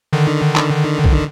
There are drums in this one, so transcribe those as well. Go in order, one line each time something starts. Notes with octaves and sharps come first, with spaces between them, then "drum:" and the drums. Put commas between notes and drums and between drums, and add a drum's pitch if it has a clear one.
D3 D#3
drum: clap
drum: kick